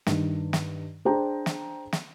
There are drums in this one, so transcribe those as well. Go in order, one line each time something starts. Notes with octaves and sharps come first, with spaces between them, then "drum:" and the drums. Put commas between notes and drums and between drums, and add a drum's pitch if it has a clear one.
G2 D#3, drum: snare
drum: snare
D4 G#4 C5 G5 A#5
drum: snare
drum: snare